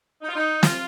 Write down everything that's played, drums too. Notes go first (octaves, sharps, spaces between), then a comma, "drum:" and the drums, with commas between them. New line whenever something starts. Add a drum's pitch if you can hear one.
D#4
F4
D#4
F4, drum: snare